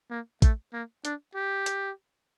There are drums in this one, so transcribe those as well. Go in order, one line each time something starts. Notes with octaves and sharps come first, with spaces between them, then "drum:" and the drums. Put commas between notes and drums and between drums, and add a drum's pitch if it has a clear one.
A#3
A3, drum: kick A1, hi-hat
A#3
D4, drum: hi-hat
G4
drum: hi-hat